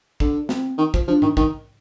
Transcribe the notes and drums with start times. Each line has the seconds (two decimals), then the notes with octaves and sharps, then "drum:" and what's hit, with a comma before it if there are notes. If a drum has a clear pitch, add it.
0.20 D3, drum: kick
0.49 C4, drum: snare
0.78 D#3
0.94 F3, drum: kick
1.08 F3 D4
1.22 D#3, drum: tom G#2
1.37 D#3, drum: kick